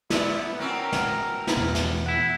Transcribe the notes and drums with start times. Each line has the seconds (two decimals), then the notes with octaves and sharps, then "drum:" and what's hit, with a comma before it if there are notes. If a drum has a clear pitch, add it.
0.10 B3 E4 D5, drum: snare
0.59 F#3 C4 C#4 A#4
0.93 drum: snare
1.47 drum: snare
1.57 E2 B2
1.75 drum: snare
2.06 E4 F#5